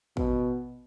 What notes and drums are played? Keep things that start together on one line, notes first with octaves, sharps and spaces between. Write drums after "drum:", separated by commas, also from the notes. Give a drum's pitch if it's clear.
B2, drum: kick A1